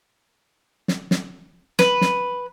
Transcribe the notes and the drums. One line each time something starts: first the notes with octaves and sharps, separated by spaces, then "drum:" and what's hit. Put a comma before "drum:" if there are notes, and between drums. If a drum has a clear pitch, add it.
drum: snare
drum: snare
B4, drum: snare
drum: snare